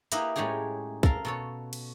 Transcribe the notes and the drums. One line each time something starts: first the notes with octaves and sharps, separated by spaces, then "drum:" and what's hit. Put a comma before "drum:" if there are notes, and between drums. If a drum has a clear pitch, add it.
A#3 D#4 E4 G4 B4 D#5, drum: hi-hat
A2 G#3 C#4 D#4 G4 G#4
A4 A#4 F5, drum: kick
B2 A4 C#5
drum: cymbal